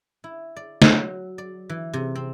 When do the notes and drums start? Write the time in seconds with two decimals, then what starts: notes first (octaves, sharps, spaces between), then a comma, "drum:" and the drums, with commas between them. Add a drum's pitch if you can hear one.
0.24 E4
0.56 D5
0.82 F#3, drum: snare
1.38 D5
1.69 E3
1.93 C3
2.15 C4